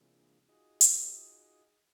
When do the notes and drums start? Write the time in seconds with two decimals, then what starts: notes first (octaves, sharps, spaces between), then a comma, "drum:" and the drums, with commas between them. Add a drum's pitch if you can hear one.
0.01 C3 E3 G#3 A#3 D4 F4
0.49 D#4 F4 F#4 G#4 D#5
0.81 drum: hi-hat